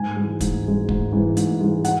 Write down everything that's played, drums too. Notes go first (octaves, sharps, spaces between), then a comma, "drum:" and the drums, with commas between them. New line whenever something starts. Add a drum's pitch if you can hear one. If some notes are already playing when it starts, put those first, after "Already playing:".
Already playing: G#2 G#5
E3 G#3
G#2, drum: kick, hi-hat
E3 G#3
G#2, drum: kick
E3 G#3
G#2, drum: hi-hat
E3 G#3
F#5, drum: hi-hat